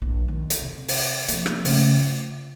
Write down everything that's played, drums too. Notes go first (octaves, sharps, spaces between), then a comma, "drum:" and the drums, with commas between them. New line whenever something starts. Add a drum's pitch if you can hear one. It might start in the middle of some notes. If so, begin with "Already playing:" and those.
A#1
D#2
drum: hi-hat
C3
drum: open hi-hat
F3 A#3, drum: hi-hat
drum: rim click
C#3 A3, drum: open hi-hat
F4